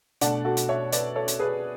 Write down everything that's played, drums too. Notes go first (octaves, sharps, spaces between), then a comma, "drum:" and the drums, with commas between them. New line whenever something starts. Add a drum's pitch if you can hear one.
B2 A3 D4 D5 F#5, drum: hi-hat
F#4 A4
drum: hi-hat
C#5 E5
B4 D5, drum: hi-hat
A4 C#5
drum: hi-hat
G#4 B4